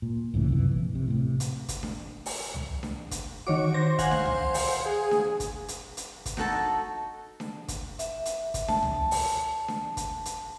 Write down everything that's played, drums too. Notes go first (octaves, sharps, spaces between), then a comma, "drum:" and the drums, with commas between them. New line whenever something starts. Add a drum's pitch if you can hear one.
A#2
C2 A2 C#3 E3
F#2 C3 E3
A#1
C3
A2 C3
drum: hi-hat
drum: kick, hi-hat
drum: snare D4
drum: open hi-hat
drum: tom
drum: snare D4
drum: kick, hi-hat
D#3 F#4 C#5 D6
C5 A#6
F5 F#5 G#5, drum: kick, hi-hat
drum: snare D4
drum: tom
drum: open hi-hat
G#4
drum: snare D4
drum: kick, hi-hat
drum: hi-hat
drum: hi-hat
drum: kick, hi-hat
D#4 F#4 A4 A5, drum: snare D4
drum: snare D4
drum: kick, hi-hat
E5, drum: hi-hat
drum: hi-hat
drum: kick, hi-hat
A5, drum: snare D4
drum: tom
drum: open hi-hat
drum: snare D4
drum: kick, hi-hat
drum: hi-hat